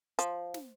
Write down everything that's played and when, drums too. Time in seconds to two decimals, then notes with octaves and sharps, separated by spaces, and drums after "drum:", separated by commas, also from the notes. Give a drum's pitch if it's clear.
0.19 F3, drum: hi-hat
0.54 drum: snare